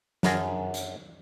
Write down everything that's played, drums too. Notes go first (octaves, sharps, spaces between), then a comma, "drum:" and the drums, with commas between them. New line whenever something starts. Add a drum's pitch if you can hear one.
F#2 G#4 A#4 A5 A#5, drum: snare
drum: hi-hat